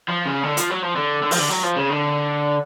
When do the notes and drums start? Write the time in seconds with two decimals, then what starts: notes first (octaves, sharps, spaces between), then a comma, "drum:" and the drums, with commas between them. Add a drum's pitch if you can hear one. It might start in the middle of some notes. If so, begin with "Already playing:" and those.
0.08 F3
0.26 C#3
0.43 D3
0.57 F3, drum: hi-hat
0.70 F#3
0.83 F3
0.96 D3
1.23 D3
1.31 F3, drum: open hi-hat
1.39 D3
1.50 F#3
1.63 F3
1.76 C#3
1.90 D3